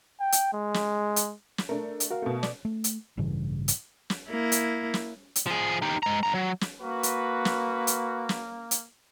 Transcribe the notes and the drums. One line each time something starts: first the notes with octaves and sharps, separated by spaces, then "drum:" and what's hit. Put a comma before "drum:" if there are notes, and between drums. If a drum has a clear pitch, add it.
G5
drum: hi-hat
G#3
drum: snare
drum: hi-hat
drum: snare
A3 D4 A#4
drum: hi-hat
F#4 A#4 F5
B2 A3
D5, drum: snare
A3
drum: hi-hat
A1 G2 C#3 E3
drum: hi-hat
drum: snare
A#3 E4
drum: hi-hat
drum: snare
drum: hi-hat
F3 G#4
D#4 G4
G#3 A#5
G2 A#5
F#3
drum: snare
A#3 F#4 B4
drum: hi-hat
drum: snare
drum: hi-hat
drum: snare
drum: hi-hat